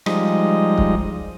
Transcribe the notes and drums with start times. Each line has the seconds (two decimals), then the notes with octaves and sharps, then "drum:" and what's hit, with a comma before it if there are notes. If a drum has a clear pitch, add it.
0.06 F3 G3 G#3 D#4 D#5, drum: rim click
0.78 drum: kick